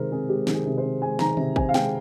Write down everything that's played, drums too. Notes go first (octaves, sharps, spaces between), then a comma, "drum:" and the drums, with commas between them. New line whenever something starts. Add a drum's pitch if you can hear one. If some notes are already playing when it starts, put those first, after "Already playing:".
Already playing: C3 D#3 G#3 G#4 A#4 C5
C4 G#4
G#3 G4
D#3, drum: snare
G#4
C3
C5
C4
G#3 G#5
D#3 A#5, drum: snare
C3, drum: tom D3
C4 G#5, drum: kick
F5
G#3 G5, drum: snare